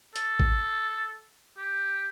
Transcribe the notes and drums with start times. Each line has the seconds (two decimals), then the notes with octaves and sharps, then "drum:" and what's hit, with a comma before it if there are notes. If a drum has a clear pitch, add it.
0.16 A4, drum: hi-hat
0.40 drum: kick
1.58 G4